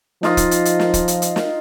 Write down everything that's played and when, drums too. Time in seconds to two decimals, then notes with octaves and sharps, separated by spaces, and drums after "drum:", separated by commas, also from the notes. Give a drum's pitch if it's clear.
0.23 F3 D#4 F4 D#5, drum: snare
0.37 drum: kick, hi-hat
0.51 drum: hi-hat
0.65 drum: hi-hat
0.79 drum: snare
0.94 drum: kick, hi-hat
1.08 drum: hi-hat
1.22 drum: hi-hat
1.36 drum: snare